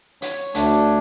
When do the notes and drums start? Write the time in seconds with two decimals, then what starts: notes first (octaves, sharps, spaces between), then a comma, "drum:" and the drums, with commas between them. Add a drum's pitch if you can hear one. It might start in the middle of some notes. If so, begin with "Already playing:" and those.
0.22 C#5, drum: hi-hat
0.54 D2 D3 A3 D4, drum: hi-hat